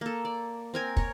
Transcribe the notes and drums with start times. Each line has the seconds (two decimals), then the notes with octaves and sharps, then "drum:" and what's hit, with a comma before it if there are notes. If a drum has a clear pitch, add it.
0.01 A#3 A4
0.25 D5
0.74 C4 A#4 G#5
0.97 A#4 C#5, drum: kick